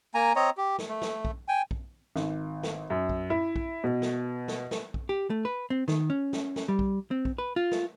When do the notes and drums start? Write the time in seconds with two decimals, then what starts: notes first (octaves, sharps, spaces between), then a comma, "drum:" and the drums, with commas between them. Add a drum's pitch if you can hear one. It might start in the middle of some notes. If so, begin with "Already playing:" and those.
0.15 A#3 G#5 A#5
0.36 C4 C#5 D#5 A#5
0.57 G4
0.78 drum: snare
0.89 A3
1.02 drum: snare
1.25 drum: kick
1.48 G5 G#5
1.71 drum: kick
2.16 G#1, drum: snare
2.63 drum: snare
2.90 F#2
3.09 drum: kick
3.30 E4
3.56 drum: kick
3.84 B2
4.02 drum: snare
4.48 drum: snare
4.71 drum: snare
4.94 drum: kick
5.09 G4
5.30 A3
5.45 B4
5.70 C4
5.88 D#3, drum: snare
6.10 C#4
6.33 drum: snare
6.56 drum: snare
6.68 G3
6.79 drum: kick
7.11 C4
7.25 drum: kick
7.38 B4
7.56 F4
7.71 drum: snare